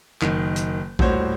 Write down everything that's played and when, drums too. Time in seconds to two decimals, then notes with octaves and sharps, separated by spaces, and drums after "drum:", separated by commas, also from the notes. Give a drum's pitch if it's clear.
0.22 F#1 D#3, drum: clap
0.56 drum: hi-hat
0.99 D#1 A2 F#4 C5 C#5, drum: kick A#1